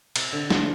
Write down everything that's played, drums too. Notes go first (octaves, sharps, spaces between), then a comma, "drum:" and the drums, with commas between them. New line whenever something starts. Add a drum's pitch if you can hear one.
C3, drum: cymbal
D3
F3, drum: snare